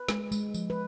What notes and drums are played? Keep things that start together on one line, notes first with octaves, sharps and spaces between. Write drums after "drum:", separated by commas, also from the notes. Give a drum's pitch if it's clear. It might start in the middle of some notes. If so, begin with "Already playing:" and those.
Already playing: B4
G#3, drum: snare
G#3, drum: tambourine
F3, drum: tambourine
B4